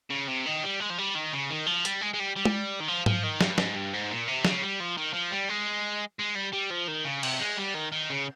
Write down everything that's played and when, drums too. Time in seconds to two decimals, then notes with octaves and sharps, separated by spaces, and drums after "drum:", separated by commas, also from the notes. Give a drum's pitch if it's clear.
0.10 C#3
0.28 C3
0.46 D#3
0.63 G3
0.80 G#3
0.90 F3
0.98 G3
1.15 D#3
1.33 C#3
1.50 D#3
1.66 F3
1.85 G3, drum: hi-hat
2.01 G#3
2.14 G#3
2.20 G3
2.36 G3
2.45 drum: tom
2.80 D#3
2.88 F3
3.06 F3, drum: tom G#2
3.23 D#3
3.41 G2, drum: snare
3.58 G#2, drum: snare
3.76 G2
3.93 G#2
4.10 A#2
4.28 C3
4.45 C#3, drum: snare
4.62 G3
4.80 F3
4.97 D#3
5.14 F3
5.32 G3
5.49 G#3
6.19 G#3
6.35 G3
6.53 G3
6.71 F3
6.88 D#3
7.05 C#3
7.23 C3, drum: cymbal
7.40 G#3
7.58 G3
7.75 D#3
7.92 D#3
8.10 C#3